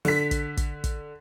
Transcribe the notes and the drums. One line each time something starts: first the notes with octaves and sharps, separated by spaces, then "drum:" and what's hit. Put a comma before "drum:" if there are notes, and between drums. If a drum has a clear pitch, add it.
D3 B6, drum: open hi-hat
drum: kick, hi-hat
drum: kick, hi-hat
drum: kick, hi-hat